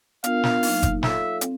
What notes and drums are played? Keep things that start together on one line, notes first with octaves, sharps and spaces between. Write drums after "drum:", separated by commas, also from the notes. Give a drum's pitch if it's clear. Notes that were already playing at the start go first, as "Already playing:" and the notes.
B3 D4 F4 A#4 F5, drum: hi-hat
drum: snare
F#3 A#3 D#4, drum: open hi-hat
drum: kick F#1, hi-hat
F4 A4 C#5 E5 F5, drum: snare
C4, drum: hi-hat